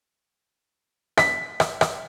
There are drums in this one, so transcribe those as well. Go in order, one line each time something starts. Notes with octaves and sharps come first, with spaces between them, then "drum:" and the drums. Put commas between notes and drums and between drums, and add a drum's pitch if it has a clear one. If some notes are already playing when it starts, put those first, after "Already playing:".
B6, drum: rim click
drum: rim click
drum: rim click